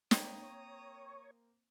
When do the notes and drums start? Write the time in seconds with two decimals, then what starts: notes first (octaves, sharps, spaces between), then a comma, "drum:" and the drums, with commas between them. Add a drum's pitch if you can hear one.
0.11 A#3 C4 C#5 G5 A#5 D#6, drum: snare